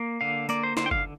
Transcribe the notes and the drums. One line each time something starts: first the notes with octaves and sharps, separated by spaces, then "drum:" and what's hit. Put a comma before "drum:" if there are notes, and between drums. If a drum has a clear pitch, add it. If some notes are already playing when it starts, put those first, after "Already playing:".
Already playing: A#3
D3 F5
A#3 D5, drum: tambourine
C5
D3 C5, drum: snare
G5
F5, drum: kick G1